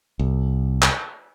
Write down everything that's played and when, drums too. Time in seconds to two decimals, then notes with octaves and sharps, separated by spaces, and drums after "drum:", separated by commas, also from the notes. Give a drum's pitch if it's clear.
0.19 C2
0.82 drum: clap